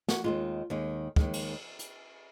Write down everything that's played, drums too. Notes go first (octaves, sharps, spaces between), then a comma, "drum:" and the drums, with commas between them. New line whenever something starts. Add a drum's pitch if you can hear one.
F#4, drum: snare
D#2 D#3 G#3 F4
D#2 D#3 G#3
D#2 D#3 G#3, drum: kick
drum: cymbal
drum: hi-hat